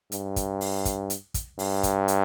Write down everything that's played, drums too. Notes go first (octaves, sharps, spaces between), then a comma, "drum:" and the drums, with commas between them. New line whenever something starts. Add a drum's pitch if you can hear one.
G2, drum: hi-hat
drum: kick, hi-hat
drum: open hi-hat
drum: kick, hi-hat
drum: hi-hat
drum: kick, hi-hat
G2, drum: open hi-hat
drum: kick, hi-hat
drum: hi-hat